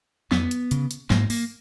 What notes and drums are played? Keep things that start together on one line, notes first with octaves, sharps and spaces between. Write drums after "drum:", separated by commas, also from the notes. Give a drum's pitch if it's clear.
F2 B3, drum: snare
drum: hi-hat
C#3, drum: hi-hat
drum: hi-hat
G#2 A#3, drum: snare
A#3, drum: open hi-hat